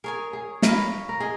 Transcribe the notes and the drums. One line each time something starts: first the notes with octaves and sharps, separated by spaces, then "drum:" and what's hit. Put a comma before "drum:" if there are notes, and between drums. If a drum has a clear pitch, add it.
G#4 A#4 C#5 G#5
G#4
A#4 C#5 F5 B5, drum: snare
A#4
G#4 D#5